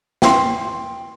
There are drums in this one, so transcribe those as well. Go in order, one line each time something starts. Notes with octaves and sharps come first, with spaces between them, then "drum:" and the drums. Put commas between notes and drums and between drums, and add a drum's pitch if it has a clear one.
G5 C6, drum: snare